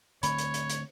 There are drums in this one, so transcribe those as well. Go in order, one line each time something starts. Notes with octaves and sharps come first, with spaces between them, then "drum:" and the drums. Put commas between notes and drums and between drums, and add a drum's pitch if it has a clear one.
D3 A3 C4 C#5 B5, drum: hi-hat
drum: hi-hat
drum: hi-hat
drum: hi-hat